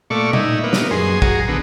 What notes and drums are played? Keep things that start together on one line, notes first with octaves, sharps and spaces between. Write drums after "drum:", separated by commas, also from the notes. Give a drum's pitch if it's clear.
A#2 A3 D5 C#6
D#4 E4, drum: tom A#2
A#3 B3
drum: snare
F#2 G#4 C6
F#4 G#4 A#5, drum: kick
D3 B3